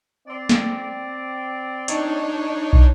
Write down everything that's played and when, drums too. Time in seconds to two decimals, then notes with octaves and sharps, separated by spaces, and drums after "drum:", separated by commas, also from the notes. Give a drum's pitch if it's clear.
0.28 C4 D5
0.49 drum: snare
1.88 D4 D#4 C#5, drum: hi-hat
2.73 drum: kick